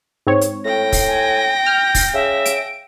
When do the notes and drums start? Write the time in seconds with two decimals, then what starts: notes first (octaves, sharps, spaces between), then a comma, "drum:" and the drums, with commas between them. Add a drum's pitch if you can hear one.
0.27 G#2 C4 C#5
0.41 drum: hi-hat
0.65 A2 G5 A#6
0.92 drum: kick, open hi-hat
1.08 G#5
1.66 F6 G6
1.95 drum: kick, open hi-hat
2.14 C#3 E5
2.46 D7, drum: hi-hat